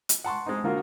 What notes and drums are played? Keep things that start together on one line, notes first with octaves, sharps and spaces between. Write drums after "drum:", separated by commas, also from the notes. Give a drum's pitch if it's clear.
drum: hi-hat
F#5 A5 C6 C#6
G#3 C4 D#4
D3 A#3 F4 F#4 A#4